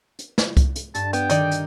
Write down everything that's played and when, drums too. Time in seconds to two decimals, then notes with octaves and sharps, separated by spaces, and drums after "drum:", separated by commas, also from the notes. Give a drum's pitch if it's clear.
0.19 drum: hi-hat
0.38 drum: snare
0.57 drum: kick C2, hi-hat
0.76 drum: hi-hat
0.95 G2 A5, drum: hi-hat
1.13 B3 G5, drum: hi-hat
1.30 D#3 D#4 D5, drum: hi-hat
1.51 drum: hi-hat